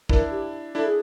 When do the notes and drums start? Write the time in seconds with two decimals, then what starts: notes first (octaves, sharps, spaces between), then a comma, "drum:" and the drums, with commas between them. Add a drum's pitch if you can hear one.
0.09 D4 E4 A#4, drum: kick
0.31 G4
0.75 D4 E4 A4
0.85 G#4